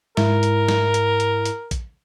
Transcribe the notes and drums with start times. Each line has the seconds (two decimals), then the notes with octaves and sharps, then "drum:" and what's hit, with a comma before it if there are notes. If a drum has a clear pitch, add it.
0.17 G#2 E4 A#4, drum: snare
0.43 drum: hi-hat
0.69 drum: snare
0.94 drum: hi-hat
1.20 drum: hi-hat
1.46 drum: hi-hat
1.71 drum: kick, hi-hat